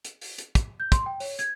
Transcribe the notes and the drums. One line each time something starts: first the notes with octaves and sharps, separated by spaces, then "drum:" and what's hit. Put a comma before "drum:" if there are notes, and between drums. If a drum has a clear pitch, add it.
drum: hi-hat
drum: open hi-hat
drum: hi-hat
drum: kick, hi-hat
G6
C6, drum: kick, hi-hat
G5
C#5, drum: open hi-hat
G#6, drum: hi-hat